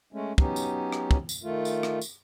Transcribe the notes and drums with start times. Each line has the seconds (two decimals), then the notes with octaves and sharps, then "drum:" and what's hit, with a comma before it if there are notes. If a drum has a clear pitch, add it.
0.13 G#3 A3 C#4
0.38 F#3 B3 C#4 D#4 G4, drum: kick
0.56 drum: tambourine
0.92 drum: rim click
1.11 drum: kick
1.29 drum: tambourine
1.43 D#3 A3 F4
1.65 drum: tambourine
1.83 drum: rim click
2.01 drum: tambourine